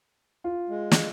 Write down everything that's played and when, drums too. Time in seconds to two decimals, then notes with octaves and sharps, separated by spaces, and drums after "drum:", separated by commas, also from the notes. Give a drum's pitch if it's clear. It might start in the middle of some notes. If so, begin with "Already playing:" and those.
0.44 F4
0.69 G#3
0.91 drum: snare